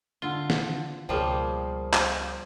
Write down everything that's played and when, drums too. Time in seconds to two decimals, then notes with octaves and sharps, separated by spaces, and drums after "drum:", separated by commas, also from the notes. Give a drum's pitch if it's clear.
0.22 D3 F4 G7
0.50 drum: snare
1.09 C#2 B2 F3 G3 A#3 G#4 C#5 G5
1.93 drum: clap